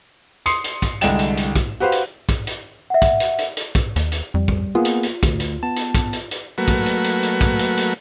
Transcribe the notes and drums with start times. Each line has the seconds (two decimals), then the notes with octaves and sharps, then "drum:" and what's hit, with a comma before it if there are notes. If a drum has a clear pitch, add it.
0.46 C6 D#6 C7 C#7, drum: hi-hat
0.64 drum: hi-hat
0.82 drum: kick, hi-hat
1.01 C2 D3 G#3 D#5 G5 E7, drum: hi-hat
1.19 drum: hi-hat
1.37 drum: hi-hat
1.55 drum: kick, hi-hat
1.80 F#4 G4 B4 C5 F5
1.92 drum: hi-hat
2.29 drum: kick, hi-hat
2.47 drum: hi-hat
2.90 E5 F#5
3.02 drum: kick, hi-hat
3.20 drum: hi-hat
3.38 drum: hi-hat
3.57 drum: hi-hat
3.75 drum: kick, hi-hat
3.96 D#2, drum: hi-hat
4.12 drum: hi-hat
4.34 F2 G3
4.48 drum: kick
4.75 A#3 B3 F4 G#4
4.85 drum: hi-hat
5.03 drum: hi-hat
5.23 D2, drum: kick, hi-hat
5.40 drum: hi-hat
5.63 B3 A5
5.76 drum: hi-hat
5.95 drum: kick, hi-hat
6.13 drum: hi-hat
6.31 drum: hi-hat
6.58 F#3 A3 A#3 F#4 B4
6.68 drum: kick, hi-hat
6.86 drum: hi-hat
7.04 drum: hi-hat
7.23 drum: hi-hat
7.41 drum: kick, hi-hat
7.59 drum: hi-hat
7.77 drum: hi-hat